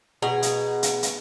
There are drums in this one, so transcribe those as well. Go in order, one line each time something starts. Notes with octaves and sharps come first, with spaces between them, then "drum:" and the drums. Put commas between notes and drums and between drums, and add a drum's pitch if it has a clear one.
B2 G#4 A#5
drum: hi-hat
drum: hi-hat
drum: hi-hat